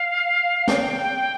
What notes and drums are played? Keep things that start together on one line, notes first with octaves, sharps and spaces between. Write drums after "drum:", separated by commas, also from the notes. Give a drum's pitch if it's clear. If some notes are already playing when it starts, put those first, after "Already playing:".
Already playing: F5
G5, drum: snare